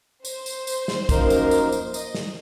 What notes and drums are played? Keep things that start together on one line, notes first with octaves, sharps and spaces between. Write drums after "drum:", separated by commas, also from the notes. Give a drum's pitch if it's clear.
C5, drum: tambourine
drum: tambourine
drum: tambourine
drum: snare
F#2 F3 A#3 D#4 A#4, drum: kick, tambourine
drum: tambourine
drum: tambourine
drum: tambourine
D#5, drum: tambourine
drum: snare